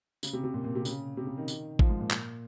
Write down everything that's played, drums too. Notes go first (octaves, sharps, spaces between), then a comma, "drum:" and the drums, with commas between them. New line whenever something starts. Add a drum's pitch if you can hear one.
C#3, drum: tambourine
C3
C3
A#2
A#2
C3
C#3, drum: tambourine
C3
C#3
D#3
drum: tambourine
F3, drum: kick
G#2
A#2
drum: clap